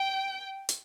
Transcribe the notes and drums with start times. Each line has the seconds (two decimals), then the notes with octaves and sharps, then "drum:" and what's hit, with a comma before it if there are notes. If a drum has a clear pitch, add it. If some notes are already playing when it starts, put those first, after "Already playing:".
Already playing: G5
0.69 drum: hi-hat